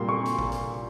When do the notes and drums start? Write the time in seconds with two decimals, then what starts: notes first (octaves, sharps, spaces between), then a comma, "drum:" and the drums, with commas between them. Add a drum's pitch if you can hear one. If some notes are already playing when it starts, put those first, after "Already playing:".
Already playing: A#2 G3 A#3 C6
0.09 C#6
0.25 drum: hi-hat
0.39 drum: kick
0.52 drum: hi-hat